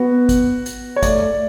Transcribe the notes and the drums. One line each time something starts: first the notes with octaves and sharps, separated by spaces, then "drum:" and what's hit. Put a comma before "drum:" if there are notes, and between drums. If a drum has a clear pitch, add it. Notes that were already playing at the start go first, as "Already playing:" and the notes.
Already playing: B3 F#4
drum: kick, hi-hat
drum: hi-hat
C#5
A3 D5, drum: kick, hi-hat